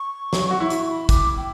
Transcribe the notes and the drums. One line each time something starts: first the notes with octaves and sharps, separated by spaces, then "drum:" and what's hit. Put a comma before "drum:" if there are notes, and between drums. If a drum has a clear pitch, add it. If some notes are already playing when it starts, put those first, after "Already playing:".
Already playing: C#6
F#3, drum: snare
F#4
E4
drum: hi-hat
B5
D6, drum: kick, hi-hat
G5